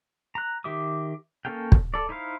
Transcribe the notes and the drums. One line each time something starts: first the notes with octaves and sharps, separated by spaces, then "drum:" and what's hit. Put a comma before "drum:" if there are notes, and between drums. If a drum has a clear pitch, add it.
A#5 F#6
D#3 G4 E5 D6 D#6
A#3 C#4 A4 F5 G5
drum: kick
A4 D5
D#4 E4 C5 F5